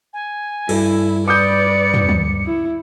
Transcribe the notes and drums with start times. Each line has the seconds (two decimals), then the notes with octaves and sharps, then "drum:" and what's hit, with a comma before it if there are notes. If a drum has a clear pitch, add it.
0.13 G#5
0.69 G2 E4 A4, drum: cymbal
1.28 B4 D5 D6 D#6 G6 C#7
1.94 drum: tom
2.09 drum: tom
2.46 E4